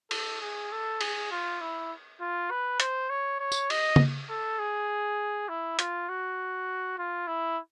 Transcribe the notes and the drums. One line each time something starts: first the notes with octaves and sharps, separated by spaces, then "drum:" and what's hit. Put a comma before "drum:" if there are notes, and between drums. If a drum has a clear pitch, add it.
A4, drum: cymbal
G#4
A4
G#4, drum: cymbal
F4
E4
F4
B4
C5, drum: hi-hat
C#5
C#5
drum: tambourine
D#5, drum: cymbal
drum: tom C#3
A4
G#4
E4
F4, drum: hi-hat
F#4
F4
E4